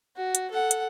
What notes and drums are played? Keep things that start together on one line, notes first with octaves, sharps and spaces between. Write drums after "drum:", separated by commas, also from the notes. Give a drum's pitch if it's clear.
F#4
drum: hi-hat
A4 F#5
drum: hi-hat